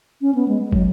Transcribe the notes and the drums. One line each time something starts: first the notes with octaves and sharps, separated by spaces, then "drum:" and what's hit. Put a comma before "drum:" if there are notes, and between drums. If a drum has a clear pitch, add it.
C#4
B3
G#3
G#3
F#3, drum: kick